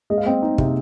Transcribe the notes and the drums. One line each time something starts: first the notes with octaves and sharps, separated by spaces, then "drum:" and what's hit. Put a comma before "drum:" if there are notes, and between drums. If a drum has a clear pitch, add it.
G#3 D#5
F5
C4 D#5
D#4
C3, drum: kick